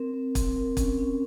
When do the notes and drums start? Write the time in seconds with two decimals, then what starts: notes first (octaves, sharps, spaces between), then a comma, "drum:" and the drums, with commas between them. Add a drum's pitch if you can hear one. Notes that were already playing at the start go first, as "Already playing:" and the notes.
Already playing: C4 A#4
0.14 C4
0.35 C4, drum: kick, hi-hat
0.56 A#4
0.77 C#4, drum: kick, hi-hat
0.99 C#4